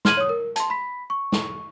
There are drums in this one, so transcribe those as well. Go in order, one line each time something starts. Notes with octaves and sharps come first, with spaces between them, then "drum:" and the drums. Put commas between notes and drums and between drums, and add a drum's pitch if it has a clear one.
C6 F6 G#6 D#7 F#7, drum: snare
C#5 D#6
A#4
A5 C6, drum: hi-hat
B5 B6
C#6
drum: snare